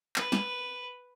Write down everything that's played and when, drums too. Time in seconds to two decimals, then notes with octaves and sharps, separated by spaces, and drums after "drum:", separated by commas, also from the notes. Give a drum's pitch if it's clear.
0.16 B4, drum: clap
0.32 drum: snare